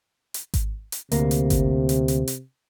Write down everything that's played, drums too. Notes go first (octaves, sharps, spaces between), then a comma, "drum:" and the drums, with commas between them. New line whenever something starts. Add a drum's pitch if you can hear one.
drum: hi-hat
drum: kick G#1, hi-hat
drum: hi-hat
D2 C3 A#3, drum: hi-hat
drum: hi-hat
drum: kick G#1, hi-hat
drum: hi-hat
drum: hi-hat
drum: hi-hat